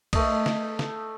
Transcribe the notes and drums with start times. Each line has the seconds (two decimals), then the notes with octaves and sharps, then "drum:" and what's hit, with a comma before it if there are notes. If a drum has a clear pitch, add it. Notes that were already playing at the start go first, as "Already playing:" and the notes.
0.13 A3 D#5, drum: kick, cymbal
0.46 drum: snare
0.79 drum: snare